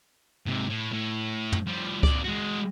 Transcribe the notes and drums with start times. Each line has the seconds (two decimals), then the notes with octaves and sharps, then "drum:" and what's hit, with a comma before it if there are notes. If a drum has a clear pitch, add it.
0.46 G#2 C3
0.70 A2
0.93 A2
1.52 drum: tom
1.67 F3 G3
2.03 F2 D5, drum: kick C#2
2.24 G#3 F#4